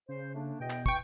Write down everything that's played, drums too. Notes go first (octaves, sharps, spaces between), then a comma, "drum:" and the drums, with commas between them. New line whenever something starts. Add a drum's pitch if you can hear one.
C#3 C5
A3 A#3 D4
E2 B2 D#5 G5
drum: clap
E3 G5 C#6, drum: kick